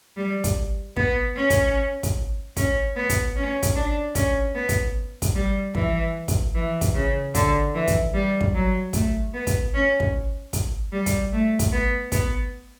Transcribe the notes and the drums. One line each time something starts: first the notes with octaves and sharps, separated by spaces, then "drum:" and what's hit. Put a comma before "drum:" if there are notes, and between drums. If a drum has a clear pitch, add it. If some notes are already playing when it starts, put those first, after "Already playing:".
G3
drum: kick, hi-hat
B3, drum: kick
C#4
drum: kick, hi-hat
drum: kick, hi-hat
C#4, drum: kick, hi-hat
B3
drum: kick, hi-hat
C#4
drum: kick, hi-hat
D4
C#4, drum: kick, hi-hat
B3
drum: kick, hi-hat
drum: kick, hi-hat
G3
E3, drum: kick
drum: kick, hi-hat
E3
drum: kick, hi-hat
C#3
D3, drum: kick, hi-hat
E3
drum: kick, hi-hat
G3
drum: kick
F#3
A3, drum: kick, hi-hat
B3
drum: kick, hi-hat
C#4
drum: kick
drum: kick, hi-hat
G3
drum: kick, hi-hat
A3
drum: kick, hi-hat
B3
B3, drum: kick, hi-hat